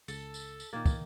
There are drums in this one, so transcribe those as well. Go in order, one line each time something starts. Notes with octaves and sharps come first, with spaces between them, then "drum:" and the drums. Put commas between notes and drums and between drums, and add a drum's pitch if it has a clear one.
C#2 A4, drum: tambourine
drum: tambourine
drum: tambourine
A#2 D#3 A#3 G#6 A6
drum: kick, tambourine